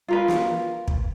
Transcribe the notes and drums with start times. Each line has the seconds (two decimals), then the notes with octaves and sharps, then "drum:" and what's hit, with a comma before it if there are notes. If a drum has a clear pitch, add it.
0.08 F4 A#4 B4
0.28 drum: snare
0.88 drum: kick